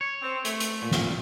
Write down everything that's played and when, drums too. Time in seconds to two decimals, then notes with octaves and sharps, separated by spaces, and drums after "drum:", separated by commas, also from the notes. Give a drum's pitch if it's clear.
0.01 C#5
0.22 C4
0.45 A3, drum: hi-hat
0.60 drum: hi-hat
0.82 A#2
0.91 drum: snare